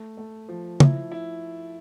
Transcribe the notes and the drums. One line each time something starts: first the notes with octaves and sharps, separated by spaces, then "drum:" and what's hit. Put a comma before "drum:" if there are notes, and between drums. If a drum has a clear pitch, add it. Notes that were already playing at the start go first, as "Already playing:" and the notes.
Already playing: A3
A3
F3
E4, drum: tom
E4